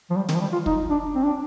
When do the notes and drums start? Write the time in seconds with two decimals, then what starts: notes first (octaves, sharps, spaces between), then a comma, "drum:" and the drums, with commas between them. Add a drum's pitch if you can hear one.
0.10 F3
0.17 G3
0.29 D#3, drum: snare
0.35 F3
0.41 G3
0.53 F4
0.66 D#4, drum: kick
0.90 D4
1.15 C4
1.24 D4